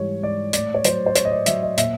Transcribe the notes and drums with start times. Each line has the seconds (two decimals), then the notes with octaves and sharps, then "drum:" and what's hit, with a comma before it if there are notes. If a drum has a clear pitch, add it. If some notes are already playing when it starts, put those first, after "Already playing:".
Already playing: G#2 E3 G3 C#5
0.22 G#2 D5
0.53 A2 D5, drum: hi-hat
0.75 C#5
0.85 F#3 C5, drum: hi-hat
1.06 C5
1.16 A2 C#5, drum: hi-hat
1.25 D#5
1.32 D5
1.46 F#3 E5, drum: hi-hat
1.63 D#5
1.78 A#2 E5, drum: hi-hat